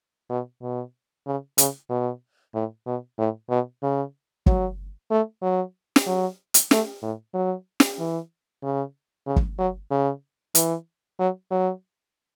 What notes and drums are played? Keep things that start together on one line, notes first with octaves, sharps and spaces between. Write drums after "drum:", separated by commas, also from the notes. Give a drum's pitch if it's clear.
B2
B2
C#3
C#3, drum: hi-hat
B2
A2
B2
A2
B2
C#3
F#3, drum: kick
A3
F#3
drum: snare
F#3
drum: hi-hat
A3, drum: snare
A2
F#3
drum: snare
E3
C#3
C#3
drum: kick
F#3
C#3
E3, drum: hi-hat
F#3
F#3